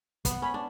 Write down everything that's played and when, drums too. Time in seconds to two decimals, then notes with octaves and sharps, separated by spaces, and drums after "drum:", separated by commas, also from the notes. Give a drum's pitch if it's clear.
0.25 B3, drum: kick, hi-hat
0.42 C#4 B5
0.54 D4